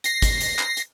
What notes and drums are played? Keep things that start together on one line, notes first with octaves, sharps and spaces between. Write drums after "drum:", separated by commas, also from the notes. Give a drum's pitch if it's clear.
A#6 C7, drum: hi-hat
drum: kick, hi-hat
drum: hi-hat
drum: clap
drum: hi-hat